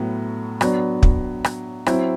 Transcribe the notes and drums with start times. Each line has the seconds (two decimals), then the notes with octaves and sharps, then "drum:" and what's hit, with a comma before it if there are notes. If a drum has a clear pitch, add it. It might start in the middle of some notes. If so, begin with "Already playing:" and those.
Already playing: A2 F#3 B3
0.61 F#3 B3 D4, drum: rim click
1.03 drum: kick
1.44 drum: rim click
1.86 F#3 C4 E4, drum: rim click